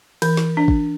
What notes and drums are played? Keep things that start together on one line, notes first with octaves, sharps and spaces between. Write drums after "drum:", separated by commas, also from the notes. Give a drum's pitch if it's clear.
E3, drum: cymbal
drum: snare
D4
drum: kick